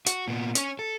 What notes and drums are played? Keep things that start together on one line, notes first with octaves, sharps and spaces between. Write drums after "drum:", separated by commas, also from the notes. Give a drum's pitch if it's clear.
F#4, drum: hi-hat
A#2 B3
C#4 C#5, drum: hi-hat
A4